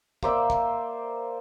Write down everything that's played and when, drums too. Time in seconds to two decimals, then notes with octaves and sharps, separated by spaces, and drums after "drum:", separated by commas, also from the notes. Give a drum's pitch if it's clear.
0.23 A#3 C5 D5 E5, drum: kick
0.50 drum: kick